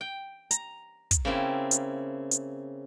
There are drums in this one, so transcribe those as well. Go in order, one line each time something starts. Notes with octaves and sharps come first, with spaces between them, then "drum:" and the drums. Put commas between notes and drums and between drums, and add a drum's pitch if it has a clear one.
G5
A#5, drum: hi-hat
drum: kick, hi-hat
C#3 A#3 C4 E4
drum: hi-hat
drum: hi-hat